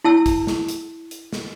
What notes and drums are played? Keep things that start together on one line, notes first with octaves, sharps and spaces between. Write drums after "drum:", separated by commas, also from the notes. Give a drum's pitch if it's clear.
E4 A5 E6
drum: kick, hi-hat
drum: snare
drum: hi-hat
drum: hi-hat
drum: snare